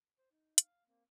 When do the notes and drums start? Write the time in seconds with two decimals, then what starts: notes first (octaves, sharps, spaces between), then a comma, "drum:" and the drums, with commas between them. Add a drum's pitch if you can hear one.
0.18 C5
0.31 D#4
0.58 F5, drum: hi-hat
0.85 A#3 C4